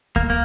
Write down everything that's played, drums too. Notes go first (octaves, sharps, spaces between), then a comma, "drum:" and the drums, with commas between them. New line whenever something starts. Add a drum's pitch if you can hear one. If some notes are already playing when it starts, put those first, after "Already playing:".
A#3, drum: kick D2
A#3